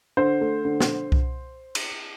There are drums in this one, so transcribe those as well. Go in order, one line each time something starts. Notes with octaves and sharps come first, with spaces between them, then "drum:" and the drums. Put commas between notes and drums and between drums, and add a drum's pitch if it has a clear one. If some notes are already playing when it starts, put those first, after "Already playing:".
D3 C5
A3
D3
drum: snare
drum: kick C2
drum: cymbal